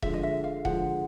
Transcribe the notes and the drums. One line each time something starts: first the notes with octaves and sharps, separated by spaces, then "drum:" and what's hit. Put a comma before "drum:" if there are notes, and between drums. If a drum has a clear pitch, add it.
D3 F3 G#3 E5, drum: kick E1
D#5
E5
F5
D3 F3 G#3 F#5, drum: kick E1